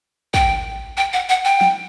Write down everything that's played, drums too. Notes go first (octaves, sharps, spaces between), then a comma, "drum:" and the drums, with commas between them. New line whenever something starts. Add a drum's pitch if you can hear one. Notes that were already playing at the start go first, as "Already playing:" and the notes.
G5, drum: kick
G5
F#5
F#5
G5
drum: snare